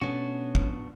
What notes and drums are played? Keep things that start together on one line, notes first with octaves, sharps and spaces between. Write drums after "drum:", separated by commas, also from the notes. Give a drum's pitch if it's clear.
B2 A3 B3 C#4 D4 F#4
drum: kick